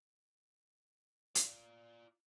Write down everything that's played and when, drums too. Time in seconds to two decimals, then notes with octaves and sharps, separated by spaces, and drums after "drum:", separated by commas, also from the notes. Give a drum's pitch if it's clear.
1.35 F4 D5, drum: hi-hat